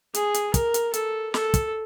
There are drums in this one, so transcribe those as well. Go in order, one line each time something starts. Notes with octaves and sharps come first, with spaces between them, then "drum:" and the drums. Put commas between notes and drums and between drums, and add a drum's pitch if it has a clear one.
G#4, drum: hi-hat
drum: hi-hat
A#4, drum: kick, hi-hat
drum: hi-hat
A4, drum: hi-hat
A4, drum: snare
drum: kick, hi-hat